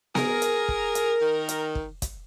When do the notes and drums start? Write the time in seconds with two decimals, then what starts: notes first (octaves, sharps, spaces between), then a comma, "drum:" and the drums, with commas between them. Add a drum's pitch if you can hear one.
0.15 G#4 A#4, drum: snare B3
0.42 drum: hi-hat
0.68 drum: kick
0.95 drum: hi-hat
1.21 D#3
1.49 drum: hi-hat
1.75 drum: kick
2.02 drum: kick, hi-hat